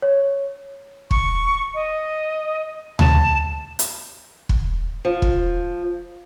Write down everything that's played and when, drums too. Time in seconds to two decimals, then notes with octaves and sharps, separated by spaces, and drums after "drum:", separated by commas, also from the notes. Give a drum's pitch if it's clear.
0.02 C#5
1.11 C#6, drum: kick
1.74 D#5
2.99 A5, drum: tom D2
3.79 drum: hi-hat
4.49 drum: kick
5.05 F3
5.22 drum: kick